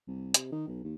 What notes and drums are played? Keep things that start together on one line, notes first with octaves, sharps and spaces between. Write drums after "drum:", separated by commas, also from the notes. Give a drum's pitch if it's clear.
C2
C3, drum: hi-hat
D#3
B1
D#2